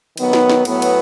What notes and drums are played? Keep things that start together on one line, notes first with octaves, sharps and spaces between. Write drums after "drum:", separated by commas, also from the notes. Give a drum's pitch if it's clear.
D#3 F#3 B3, drum: cymbal
drum: snare
drum: snare
A2 F#3 B3, drum: cymbal
drum: cymbal